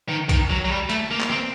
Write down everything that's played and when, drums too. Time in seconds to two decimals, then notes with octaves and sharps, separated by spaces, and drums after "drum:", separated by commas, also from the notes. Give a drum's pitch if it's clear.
0.09 D#3
0.29 D#3, drum: kick B1, hi-hat
0.50 F#3
0.65 F#3
0.70 G3
0.90 A3, drum: hi-hat
1.11 A#3
1.21 drum: clap
1.31 C4